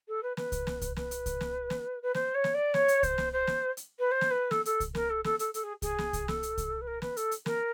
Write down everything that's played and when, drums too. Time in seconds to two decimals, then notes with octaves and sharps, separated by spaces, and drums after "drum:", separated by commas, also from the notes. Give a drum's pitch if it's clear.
0.08 A4
0.23 B4
0.37 B4, drum: snare
0.52 drum: kick C2, hi-hat
0.67 drum: snare
0.81 drum: kick C2, hi-hat
0.96 B4, drum: snare
1.11 drum: hi-hat
1.26 drum: kick C2, hi-hat
1.41 drum: snare
1.70 drum: snare
2.03 B4
2.14 C5, drum: snare
2.35 C#5
2.44 drum: snare
2.54 D5
2.74 C#5, drum: snare
2.88 drum: hi-hat
3.03 C5, drum: kick C2, hi-hat
3.18 drum: snare
3.33 C5
3.47 drum: snare
3.77 drum: hi-hat
3.99 B4
4.11 C5
4.21 drum: snare
4.31 B4
4.51 A4, drum: snare
4.65 A4, drum: hi-hat
4.80 drum: kick C2, hi-hat
4.95 A#4, drum: snare
5.10 A4
5.24 A4, drum: snare
5.39 A4, drum: hi-hat
5.54 A4, drum: hi-hat
5.64 G#4
5.82 G#4, drum: kick C2, hi-hat
5.98 drum: snare
6.13 drum: kick C2, hi-hat
6.28 A4, drum: snare
6.43 drum: hi-hat
6.58 drum: kick C2, hi-hat
6.81 B4
6.87 A#4
7.02 B4, drum: snare
7.17 A4, drum: hi-hat
7.31 drum: hi-hat
7.46 A#4, drum: snare